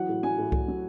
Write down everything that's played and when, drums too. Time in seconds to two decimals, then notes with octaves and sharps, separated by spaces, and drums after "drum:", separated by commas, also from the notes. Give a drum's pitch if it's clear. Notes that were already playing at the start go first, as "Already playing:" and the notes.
Already playing: E3 F#3 F#5
0.09 A2
0.23 F#3 G#5
0.38 A2
0.52 A2, drum: kick C2
0.68 F#3